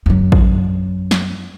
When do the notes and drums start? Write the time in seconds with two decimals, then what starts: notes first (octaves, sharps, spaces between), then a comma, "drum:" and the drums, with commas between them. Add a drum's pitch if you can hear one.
0.06 F#2 F#3
0.32 drum: kick A1
1.11 drum: snare